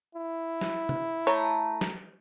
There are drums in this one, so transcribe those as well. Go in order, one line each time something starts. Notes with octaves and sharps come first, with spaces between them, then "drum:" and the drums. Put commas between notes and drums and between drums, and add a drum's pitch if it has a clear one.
E4
drum: snare
drum: tom
A3 C#5 A#5
drum: snare